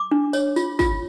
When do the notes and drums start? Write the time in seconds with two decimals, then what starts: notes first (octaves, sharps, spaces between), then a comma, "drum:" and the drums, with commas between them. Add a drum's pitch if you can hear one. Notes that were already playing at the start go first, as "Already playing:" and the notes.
Already playing: D6
0.11 D4
0.33 C#5, drum: tambourine
0.56 F4, drum: tambourine
0.79 F4, drum: kick, tambourine